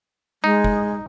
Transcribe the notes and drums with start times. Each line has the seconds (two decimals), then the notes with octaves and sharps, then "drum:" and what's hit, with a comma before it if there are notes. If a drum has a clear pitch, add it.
0.44 G#3 D#4
0.64 drum: kick